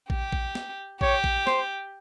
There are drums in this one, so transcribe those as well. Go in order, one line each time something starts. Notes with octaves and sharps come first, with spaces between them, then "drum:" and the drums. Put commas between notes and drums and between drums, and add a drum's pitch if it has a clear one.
G4, drum: kick
drum: kick
drum: snare
G4 C#5, drum: kick
drum: kick
C5, drum: snare